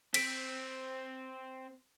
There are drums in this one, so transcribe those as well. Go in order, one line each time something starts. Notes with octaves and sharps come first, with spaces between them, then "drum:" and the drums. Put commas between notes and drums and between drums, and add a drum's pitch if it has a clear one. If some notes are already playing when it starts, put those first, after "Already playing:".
C4 B6 D7, drum: cymbal